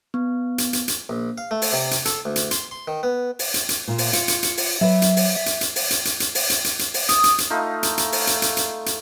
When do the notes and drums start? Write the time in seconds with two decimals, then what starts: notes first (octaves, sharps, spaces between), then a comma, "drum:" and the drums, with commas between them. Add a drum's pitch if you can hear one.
0.14 B3
0.58 drum: hi-hat
0.73 drum: hi-hat
0.88 drum: hi-hat
1.09 A#1
1.38 F5
1.51 A3
1.62 drum: open hi-hat
1.72 C3
1.91 drum: hi-hat
2.05 A4, drum: hi-hat
2.25 D2
2.36 drum: hi-hat
2.51 C6, drum: hi-hat
2.71 C6
2.88 D#3
3.03 B3
3.39 drum: open hi-hat
3.54 drum: hi-hat
3.69 drum: hi-hat
3.88 A#2 F4
3.98 drum: open hi-hat
4.13 F4 C#7, drum: hi-hat
4.28 drum: hi-hat
4.43 drum: hi-hat
4.57 drum: open hi-hat
4.81 F#3 B4 E5
5.02 drum: hi-hat
5.17 drum: open hi-hat
5.36 E5
5.46 drum: hi-hat
5.61 drum: hi-hat
5.76 drum: open hi-hat
5.91 drum: hi-hat
6.05 drum: hi-hat
6.20 drum: hi-hat
6.35 drum: open hi-hat
6.50 drum: hi-hat
6.64 drum: hi-hat
6.79 drum: hi-hat
6.94 drum: open hi-hat
7.09 D#6, drum: hi-hat
7.24 drum: hi-hat
7.38 drum: hi-hat
7.50 A3 D#4 F4
7.83 drum: hi-hat
7.98 drum: hi-hat
8.12 drum: open hi-hat
8.27 drum: hi-hat
8.42 drum: hi-hat
8.57 drum: hi-hat
8.86 drum: hi-hat